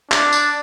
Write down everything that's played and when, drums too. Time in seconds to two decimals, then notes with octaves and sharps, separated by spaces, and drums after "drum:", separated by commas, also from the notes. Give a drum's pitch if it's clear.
0.11 D4, drum: clap
0.33 drum: tambourine